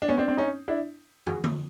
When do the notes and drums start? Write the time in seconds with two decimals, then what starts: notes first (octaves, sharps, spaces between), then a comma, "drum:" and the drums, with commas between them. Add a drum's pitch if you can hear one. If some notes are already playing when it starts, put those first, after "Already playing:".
0.02 D4
0.08 B3 C#4
0.18 C4 D4
0.28 C4 D4
0.37 C#4 D#4
0.68 D4 E4
1.26 F#4 G#4, drum: tom
1.44 drum: tom D3